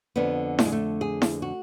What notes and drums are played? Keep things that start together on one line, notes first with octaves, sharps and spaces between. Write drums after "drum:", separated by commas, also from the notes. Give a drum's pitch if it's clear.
F2 D3 B3
A3, drum: snare E4
G#3
A3
G#4
drum: snare E4
F#4